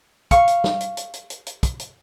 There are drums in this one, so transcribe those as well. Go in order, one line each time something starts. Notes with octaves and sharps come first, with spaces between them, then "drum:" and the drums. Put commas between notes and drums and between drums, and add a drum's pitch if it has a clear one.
F5 C#6, drum: kick, hi-hat
drum: hi-hat
drum: snare
drum: hi-hat
drum: hi-hat
drum: hi-hat
drum: hi-hat
drum: hi-hat
drum: kick, hi-hat
drum: hi-hat